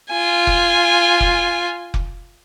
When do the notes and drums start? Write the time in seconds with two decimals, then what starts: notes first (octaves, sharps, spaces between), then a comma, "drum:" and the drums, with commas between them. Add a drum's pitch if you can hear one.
0.10 F4 G#5
0.47 drum: kick F1
1.20 drum: kick F1
1.94 drum: kick F1